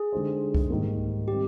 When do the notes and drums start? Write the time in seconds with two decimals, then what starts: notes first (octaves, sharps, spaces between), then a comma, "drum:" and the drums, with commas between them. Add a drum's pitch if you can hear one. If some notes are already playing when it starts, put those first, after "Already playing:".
Already playing: G#4
0.13 D3 G#3 D#4 G4 C5
0.54 drum: kick C2
0.70 G#2 D#3 G3 A#3
1.28 G3 C4 G4